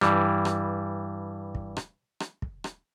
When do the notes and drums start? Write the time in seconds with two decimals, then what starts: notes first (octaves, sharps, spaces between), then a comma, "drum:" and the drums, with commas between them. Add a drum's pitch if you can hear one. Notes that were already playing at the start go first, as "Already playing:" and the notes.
0.01 G2 E3 G3, drum: rim click
0.45 drum: rim click
1.55 drum: kick
1.77 drum: rim click
2.20 drum: rim click
2.42 drum: kick
2.64 drum: rim click